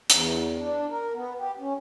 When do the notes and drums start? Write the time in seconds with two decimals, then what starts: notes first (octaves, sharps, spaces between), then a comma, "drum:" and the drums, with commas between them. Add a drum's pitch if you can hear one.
0.10 E2, drum: hi-hat
0.58 D4
0.89 A#4
1.14 B3
1.38 G4
1.59 C#4